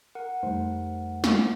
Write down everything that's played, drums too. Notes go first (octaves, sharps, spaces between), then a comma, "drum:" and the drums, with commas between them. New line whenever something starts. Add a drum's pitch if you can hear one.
A#4 F#5
F2 G3 A3 D#4 C5
drum: snare